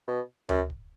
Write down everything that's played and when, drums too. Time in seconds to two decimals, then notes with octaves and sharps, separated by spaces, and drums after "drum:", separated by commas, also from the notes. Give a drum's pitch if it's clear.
0.08 B2
0.49 F#2, drum: tom D2
0.70 drum: kick